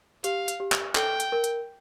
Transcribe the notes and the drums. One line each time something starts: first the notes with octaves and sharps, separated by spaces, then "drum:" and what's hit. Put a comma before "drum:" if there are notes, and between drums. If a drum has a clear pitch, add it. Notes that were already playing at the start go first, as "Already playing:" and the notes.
G4 F5, drum: hi-hat
drum: hi-hat
G4
drum: clap
A4 G5, drum: clap
drum: hi-hat
A#4
drum: hi-hat